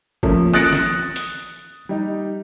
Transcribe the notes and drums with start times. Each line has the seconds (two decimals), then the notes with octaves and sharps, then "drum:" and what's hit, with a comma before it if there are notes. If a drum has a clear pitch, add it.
0.23 F3 A3 A#3 C#4, drum: kick G1
0.54 D#6 F#6 A6 A#6 C#7 D7, drum: snare
0.73 drum: snare
1.16 drum: hi-hat
1.89 G3 D#4